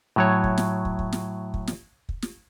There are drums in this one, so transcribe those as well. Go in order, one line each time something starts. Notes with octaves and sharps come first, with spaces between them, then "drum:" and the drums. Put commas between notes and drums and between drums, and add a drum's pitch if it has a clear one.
A2 F#3 C#5
drum: kick
drum: snare
drum: kick
drum: kick
drum: snare
drum: kick
drum: snare
drum: kick
drum: snare